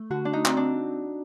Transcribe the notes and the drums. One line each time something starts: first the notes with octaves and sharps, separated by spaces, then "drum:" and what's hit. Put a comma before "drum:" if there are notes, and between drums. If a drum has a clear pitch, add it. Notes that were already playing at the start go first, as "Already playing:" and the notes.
Already playing: A3
D3 F#4
D4
D#4
C4, drum: clap
D4